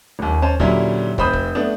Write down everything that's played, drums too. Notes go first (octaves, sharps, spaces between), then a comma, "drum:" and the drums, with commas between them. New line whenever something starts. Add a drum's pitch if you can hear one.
D#1 D#2
C#4 C5 A5
A#2 D3 F#3 G3 C#4 E4, drum: kick
F1 C5 B5 D#6 G6, drum: kick
drum: kick
A3 B3 D4